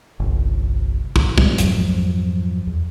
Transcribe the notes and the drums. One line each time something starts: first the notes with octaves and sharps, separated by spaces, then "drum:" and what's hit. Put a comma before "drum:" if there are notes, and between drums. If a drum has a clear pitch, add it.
G1 C2
drum: kick
G3 G#3 C4, drum: kick
F2 G#2 F3 F#3, drum: hi-hat
E2